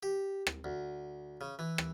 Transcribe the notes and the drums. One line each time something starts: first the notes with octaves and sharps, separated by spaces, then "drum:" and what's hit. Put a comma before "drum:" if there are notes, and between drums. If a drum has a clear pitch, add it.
G4
drum: rim click
D2
C#3
E3
drum: rim click